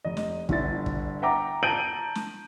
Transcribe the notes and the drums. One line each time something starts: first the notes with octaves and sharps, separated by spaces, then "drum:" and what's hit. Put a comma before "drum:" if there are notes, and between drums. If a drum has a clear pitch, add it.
F1 D#5
drum: snare
G1 D3 E4 A6, drum: kick
drum: kick
E5 F#5 G5 A#5 D6
A5 A#5 G6 D7 D#7 F#7
drum: snare